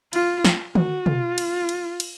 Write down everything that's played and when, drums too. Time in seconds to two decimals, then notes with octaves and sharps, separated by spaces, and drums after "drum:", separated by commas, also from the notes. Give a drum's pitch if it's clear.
0.13 F4, drum: cymbal
0.45 drum: snare
0.75 F#4, drum: tom
1.06 F4, drum: tom
1.38 drum: cymbal
1.69 drum: cymbal
2.00 drum: cymbal